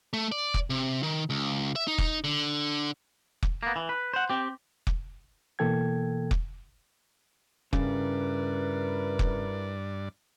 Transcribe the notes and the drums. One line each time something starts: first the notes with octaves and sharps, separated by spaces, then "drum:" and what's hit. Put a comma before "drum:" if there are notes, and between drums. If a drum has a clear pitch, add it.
A3
D5
drum: kick
C3
D#3
C#2
E5
D#4
drum: kick
D3
drum: kick
A#3 B3
E3
B4
C5 F#5
C4 G4
drum: kick
B2 E3 A#3 A4 G5 G#6
drum: kick
G2 C#3 E4 A#4 B4 D5, drum: kick
drum: kick